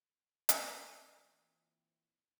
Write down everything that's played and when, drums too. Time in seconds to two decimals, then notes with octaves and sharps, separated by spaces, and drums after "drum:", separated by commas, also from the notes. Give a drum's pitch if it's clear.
0.49 A#2 E3 C4, drum: hi-hat